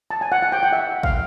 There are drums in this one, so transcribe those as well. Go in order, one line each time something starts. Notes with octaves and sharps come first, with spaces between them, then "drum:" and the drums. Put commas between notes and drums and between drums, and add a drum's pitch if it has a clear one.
A5
G#5
F#5
F#5
G5
F#5
E5
F5, drum: kick G#1